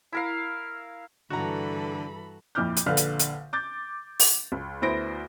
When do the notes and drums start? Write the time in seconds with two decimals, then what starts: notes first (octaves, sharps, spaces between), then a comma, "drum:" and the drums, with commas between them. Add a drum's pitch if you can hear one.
0.12 E4 A#4 F5
1.30 G2 D3 E3 F#4 A4 A#5 B5
2.55 F2 A#2 E4 D6 F6 G6
2.77 drum: hi-hat
2.86 A#1 D3 B4 F5 F6
2.97 drum: hi-hat
3.19 drum: hi-hat
3.53 D6 G6 A6
4.19 drum: open hi-hat
4.52 C#2
4.82 D2 B3 E4 C5 A#6 D7